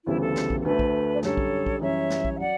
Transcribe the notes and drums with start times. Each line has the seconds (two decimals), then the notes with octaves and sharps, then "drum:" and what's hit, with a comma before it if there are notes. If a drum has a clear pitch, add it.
0.06 D2 C#3 E3 G3 B3 E4
0.21 A4
0.36 drum: snare
0.50 drum: kick A#1
0.61 A4
0.65 D2 D3 A3 B4
0.79 drum: kick A#1
1.15 D5
1.23 F#2 D3 G3 A4 C#5, drum: snare
1.37 drum: kick A#1
1.66 drum: kick A#1
1.81 F#2 E3 G3 C#4 C#5 E5
2.10 drum: snare
2.25 drum: kick A#1
2.34 E5
2.39 F#3 D5 F#5